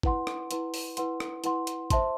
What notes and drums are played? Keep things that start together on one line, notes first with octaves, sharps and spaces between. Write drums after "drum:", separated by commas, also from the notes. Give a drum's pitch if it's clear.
E4 B4 F#5 C6, drum: kick
drum: rim click
E4 B4 F#5 C6, drum: hi-hat
drum: open hi-hat
E4 B4 F#5 C6, drum: hi-hat
drum: rim click
E4 B4 F#5 C6, drum: hi-hat
drum: hi-hat
C5 E5 A5 C6, drum: kick, hi-hat